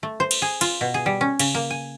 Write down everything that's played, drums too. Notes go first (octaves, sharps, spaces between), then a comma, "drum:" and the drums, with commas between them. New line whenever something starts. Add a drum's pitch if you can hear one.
A3
C5
drum: cymbal
G#4
F4, drum: cymbal
B2
G#4
G3
C#4
C#3, drum: cymbal
A#3
G#5